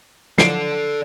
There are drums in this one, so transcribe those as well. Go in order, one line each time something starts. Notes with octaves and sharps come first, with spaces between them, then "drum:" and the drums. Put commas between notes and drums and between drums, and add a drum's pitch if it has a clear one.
D3 F3 F#3 A4 D5 C7 D7, drum: snare